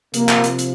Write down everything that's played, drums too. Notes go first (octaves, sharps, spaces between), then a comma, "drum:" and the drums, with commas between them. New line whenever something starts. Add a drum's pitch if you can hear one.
C3 F3 A#3, drum: hi-hat
drum: clap
drum: hi-hat
drum: hi-hat